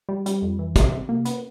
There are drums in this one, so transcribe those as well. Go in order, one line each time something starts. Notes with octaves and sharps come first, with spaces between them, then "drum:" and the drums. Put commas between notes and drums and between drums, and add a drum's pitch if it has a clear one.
G3
G3, drum: hi-hat
F2
E3
C3, drum: kick, hi-hat
C3
A#3
B3, drum: hi-hat